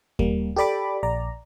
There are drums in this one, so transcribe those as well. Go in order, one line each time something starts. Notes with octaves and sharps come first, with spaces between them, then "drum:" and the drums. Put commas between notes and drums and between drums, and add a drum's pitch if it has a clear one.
G3 A#3, drum: kick D#2
G4 A4 D5 B5 D6
A#1 D5 A#5